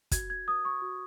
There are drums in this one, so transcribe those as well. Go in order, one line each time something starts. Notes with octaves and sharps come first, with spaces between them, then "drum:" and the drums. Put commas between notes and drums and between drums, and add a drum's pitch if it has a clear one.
F#4 G#6, drum: kick, hi-hat
G#6
B4 D#6
C#6
F#4